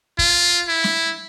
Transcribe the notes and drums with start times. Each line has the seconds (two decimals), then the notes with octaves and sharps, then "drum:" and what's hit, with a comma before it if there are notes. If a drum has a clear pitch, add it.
0.19 F4, drum: kick
0.68 E4
0.84 drum: snare